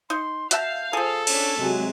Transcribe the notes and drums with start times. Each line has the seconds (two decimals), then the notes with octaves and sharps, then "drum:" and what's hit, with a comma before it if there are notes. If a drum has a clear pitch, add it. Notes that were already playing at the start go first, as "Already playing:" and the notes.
0.10 D#4 C6
0.51 F#4 E5 F5 A5 G6, drum: hi-hat
0.93 F3 G#4 A4 D#6
1.27 C#4 D4 C#5, drum: cymbal
1.61 C3 F#3 G#3 G#5